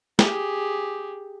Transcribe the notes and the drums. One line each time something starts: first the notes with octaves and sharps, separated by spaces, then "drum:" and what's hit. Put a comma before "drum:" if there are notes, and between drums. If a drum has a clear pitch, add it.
G4 G#4, drum: snare